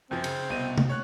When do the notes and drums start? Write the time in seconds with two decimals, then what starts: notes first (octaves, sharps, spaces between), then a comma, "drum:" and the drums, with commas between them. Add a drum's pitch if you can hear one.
0.11 F#2 F3 C4
0.24 C#3, drum: cymbal
0.50 C2 B2 D#7
0.78 drum: tom
0.89 C#5 F#6